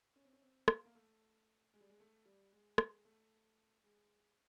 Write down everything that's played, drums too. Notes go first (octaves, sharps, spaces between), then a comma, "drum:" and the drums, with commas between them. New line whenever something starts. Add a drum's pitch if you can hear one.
C#4
C4
C#4
C4
A#3, drum: rim click
A#3
A3
G#3
G3
G#3
A3
G3
G#3
G#3, drum: rim click
A3
G#3